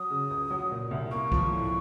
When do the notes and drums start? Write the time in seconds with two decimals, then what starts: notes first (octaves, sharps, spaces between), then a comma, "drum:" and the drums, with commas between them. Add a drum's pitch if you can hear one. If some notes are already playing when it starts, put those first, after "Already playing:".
Already playing: F#3 D#6
0.10 C#3
0.30 C#2
0.51 F#3
0.71 A#2
0.91 C2
1.11 A#3 C#6
1.32 F3, drum: kick C2
1.52 A2